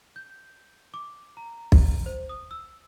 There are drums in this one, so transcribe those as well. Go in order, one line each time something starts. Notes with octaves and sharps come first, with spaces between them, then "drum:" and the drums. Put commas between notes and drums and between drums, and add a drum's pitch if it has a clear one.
G6
D6
A#5
drum: kick
C5
D#6
E6